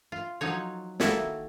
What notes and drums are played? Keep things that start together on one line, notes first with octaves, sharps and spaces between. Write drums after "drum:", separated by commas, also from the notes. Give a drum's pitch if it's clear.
F4
F3 F#3 D#4 C#5
D#3 A#3 E4 F#4 A4, drum: snare